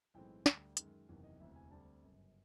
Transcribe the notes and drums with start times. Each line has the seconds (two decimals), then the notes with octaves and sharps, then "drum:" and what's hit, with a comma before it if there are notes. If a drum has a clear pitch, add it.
0.14 B1 A2 E3 G#3 C4 G5
0.46 D2 D3 G3, drum: snare
0.77 F#2 D#3 G#3, drum: hi-hat
1.08 F#1 E2 C3 D#3
1.24 D#5
1.40 E1 D2 C3 E3 E5
1.56 G#5
1.71 D2 D3 G3 C4 A5
2.03 G1 F#2 C#3